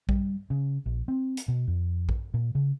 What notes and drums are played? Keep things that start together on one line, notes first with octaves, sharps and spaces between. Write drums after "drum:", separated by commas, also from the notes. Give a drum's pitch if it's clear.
G3, drum: kick A#1
C#3
A#1
C4
drum: hi-hat
B2
F2
drum: kick A#1
A#2
C#3